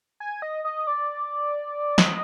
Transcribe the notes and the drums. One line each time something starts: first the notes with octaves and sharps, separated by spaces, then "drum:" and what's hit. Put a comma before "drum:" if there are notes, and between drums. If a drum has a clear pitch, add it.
G#5
D#5
D#5
D5
D#5, drum: snare